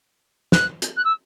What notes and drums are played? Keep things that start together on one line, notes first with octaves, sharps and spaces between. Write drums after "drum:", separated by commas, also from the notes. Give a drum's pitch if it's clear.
F#6, drum: snare
drum: hi-hat
F#6
E6